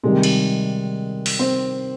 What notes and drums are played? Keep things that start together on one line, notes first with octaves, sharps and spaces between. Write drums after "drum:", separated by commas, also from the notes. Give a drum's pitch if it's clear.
C3 D#3 G3 G#3
drum: cymbal
drum: open hi-hat
C4